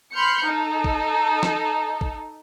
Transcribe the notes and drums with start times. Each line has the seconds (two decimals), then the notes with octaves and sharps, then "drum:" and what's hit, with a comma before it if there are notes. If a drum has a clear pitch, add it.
0.14 B5 C6 F6 G6 C#7
0.45 D#4 A4
0.84 drum: kick
1.43 drum: snare
2.01 drum: kick